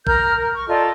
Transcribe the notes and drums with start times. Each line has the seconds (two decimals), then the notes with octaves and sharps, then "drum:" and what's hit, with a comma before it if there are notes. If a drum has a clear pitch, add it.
0.07 A#4 A#5 F6 G6, drum: kick A#1
0.36 A#4
0.52 C#6
0.68 F4 A4 D5 D#5